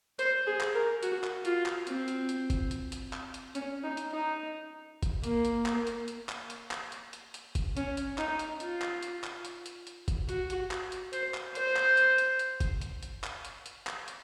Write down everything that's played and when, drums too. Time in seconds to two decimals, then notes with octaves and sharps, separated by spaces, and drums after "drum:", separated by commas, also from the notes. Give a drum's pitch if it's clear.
0.19 C5, drum: hi-hat
0.46 G#4
0.60 drum: clap
0.74 A#4
1.03 F#4, drum: hi-hat
1.24 drum: clap
1.45 F4, drum: hi-hat
1.66 drum: clap
1.87 C4, drum: hi-hat
2.08 drum: hi-hat
2.29 drum: hi-hat
2.50 drum: kick F#1, hi-hat
2.71 drum: hi-hat
2.92 drum: hi-hat
3.13 drum: clap
3.34 drum: hi-hat
3.55 C#4, drum: hi-hat
3.83 D#4
3.97 drum: hi-hat
4.11 D#4
5.03 drum: kick F#1, hi-hat
5.24 A#3, drum: hi-hat
5.45 drum: hi-hat
5.66 drum: clap
5.87 drum: hi-hat
6.08 drum: hi-hat
6.29 drum: clap
6.50 drum: hi-hat
6.71 drum: clap
6.92 drum: hi-hat
7.13 drum: hi-hat
7.34 drum: hi-hat
7.55 drum: kick F#1, hi-hat
7.77 C#4, drum: hi-hat
7.97 drum: hi-hat
8.18 D#4, drum: clap
8.39 drum: hi-hat
8.60 F4, drum: hi-hat
8.81 drum: clap
9.03 drum: hi-hat
9.24 drum: clap
9.45 drum: hi-hat
9.66 drum: hi-hat
9.87 drum: hi-hat
10.08 drum: kick F#1, hi-hat
10.29 F#4, drum: hi-hat
10.50 drum: hi-hat
10.71 drum: clap
10.92 drum: hi-hat
11.13 C5, drum: hi-hat
11.34 drum: clap
11.55 C5, drum: hi-hat
11.76 drum: clap
11.97 drum: hi-hat
12.18 drum: hi-hat
12.39 drum: hi-hat
12.60 drum: kick F#1, hi-hat
12.81 drum: hi-hat
13.03 drum: hi-hat
13.24 drum: clap
13.45 drum: hi-hat
13.66 drum: hi-hat
13.87 drum: clap
14.08 drum: hi-hat